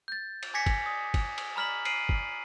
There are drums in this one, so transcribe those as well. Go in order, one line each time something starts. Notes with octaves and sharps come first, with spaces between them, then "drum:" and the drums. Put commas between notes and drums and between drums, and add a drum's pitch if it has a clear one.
G6 A6
drum: cymbal
G#5 D6 G#6 A#6 B6 C#7
drum: kick, cymbal
D#6
drum: kick, cymbal
drum: cymbal
A#5 B5 F6 B6 F#7
F6 C7 D7 D#7 F#7, drum: cymbal
drum: kick